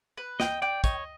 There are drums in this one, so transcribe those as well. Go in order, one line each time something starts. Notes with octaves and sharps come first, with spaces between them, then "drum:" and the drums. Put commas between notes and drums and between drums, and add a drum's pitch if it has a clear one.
B4
D#5 G5, drum: snare
D5 G5
C#5 D#5, drum: kick, tambourine